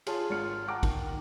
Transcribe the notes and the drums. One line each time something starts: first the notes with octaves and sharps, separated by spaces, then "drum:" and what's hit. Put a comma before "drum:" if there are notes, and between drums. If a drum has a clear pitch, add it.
F4 G#4 C#5 A5 C6, drum: cymbal
G#1 F4 F6 C#7
F#5 G5 A5 A#5 D6
D#3, drum: kick, cymbal